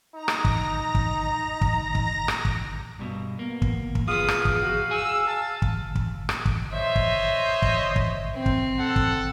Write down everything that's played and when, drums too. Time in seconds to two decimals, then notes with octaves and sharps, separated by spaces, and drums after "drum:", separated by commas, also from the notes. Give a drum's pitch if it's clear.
0.14 D#4 A#5 A#6
0.28 drum: rim click
0.45 drum: kick
0.95 drum: kick
1.61 drum: kick
1.95 drum: kick
2.28 drum: rim click
2.45 drum: kick
2.99 G2 B2
3.39 A#3 B3
3.62 drum: kick
3.95 drum: kick
4.08 F3 B3 G#4 F5 D#6
4.28 drum: rim click
4.45 drum: kick
4.61 F#4
4.91 F#5 G#5 E6
5.27 A5
5.62 drum: kick
5.95 drum: kick
6.29 drum: rim click
6.45 drum: kick
6.73 C5 C#5 D#5 E5
6.96 drum: kick
7.62 drum: kick
7.96 drum: kick
8.35 C4
8.46 drum: kick
8.79 A4 F#5
8.96 drum: kick